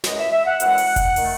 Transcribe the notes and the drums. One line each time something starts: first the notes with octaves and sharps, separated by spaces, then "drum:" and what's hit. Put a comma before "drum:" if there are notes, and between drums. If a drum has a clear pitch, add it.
F#2 E3 G#3 D#5, drum: snare
E5
E5
F#5
F#2 E3 G#3 F#5, drum: hi-hat
drum: open hi-hat
drum: kick F1, hi-hat
D#3 A3, drum: open hi-hat